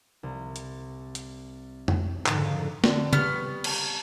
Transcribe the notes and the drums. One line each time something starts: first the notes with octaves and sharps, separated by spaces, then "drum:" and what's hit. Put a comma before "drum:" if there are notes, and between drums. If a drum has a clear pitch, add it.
C2
drum: hi-hat
drum: hi-hat
drum: tom F2
F#1 F2 G#2 D3, drum: clap
D3 C4, drum: snare
G3 B3 C#5 C#6 F6, drum: tom C#3
drum: cymbal